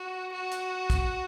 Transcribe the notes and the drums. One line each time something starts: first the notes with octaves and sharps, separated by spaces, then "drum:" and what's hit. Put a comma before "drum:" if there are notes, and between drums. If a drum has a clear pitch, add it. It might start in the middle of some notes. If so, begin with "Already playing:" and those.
Already playing: F#4
F#4
drum: hi-hat
drum: kick, hi-hat